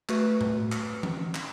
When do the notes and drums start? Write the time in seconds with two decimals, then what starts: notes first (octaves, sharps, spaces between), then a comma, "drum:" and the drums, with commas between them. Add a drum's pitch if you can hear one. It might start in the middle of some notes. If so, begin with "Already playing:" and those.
0.09 A3 F#4 B4, drum: clap
0.41 drum: tom A2
0.72 drum: clap
1.03 drum: tom E3
1.35 drum: clap